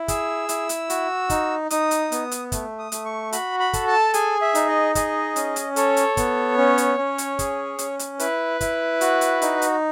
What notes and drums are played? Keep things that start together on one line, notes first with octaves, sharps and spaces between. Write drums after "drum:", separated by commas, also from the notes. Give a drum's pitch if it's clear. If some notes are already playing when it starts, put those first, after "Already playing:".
Already playing: E4
G#4 E6, drum: kick, hi-hat
E4, drum: hi-hat
drum: hi-hat
F#4, drum: hi-hat
D#4, drum: kick, hi-hat
D#4 D#6, drum: hi-hat
drum: hi-hat
B3, drum: hi-hat
drum: hi-hat
A3, drum: kick, hi-hat
D#6
A3, drum: hi-hat
C#6
F#4 B5, drum: hi-hat
B5
A4, drum: kick, hi-hat
A5
G#4 G#5, drum: hi-hat
E5
D#4, drum: hi-hat
D#5
G#4 D#5, drum: kick, hi-hat
C#4, drum: hi-hat
drum: hi-hat
A4 C#5, drum: hi-hat
drum: hi-hat
B3, drum: kick, hi-hat
C#4
drum: hi-hat
C#4
drum: hi-hat
G#4, drum: kick, hi-hat
C#4, drum: hi-hat
drum: hi-hat
E4 B4, drum: hi-hat
E4, drum: kick, hi-hat
F#4, drum: hi-hat
drum: hi-hat
D#4, drum: hi-hat
drum: hi-hat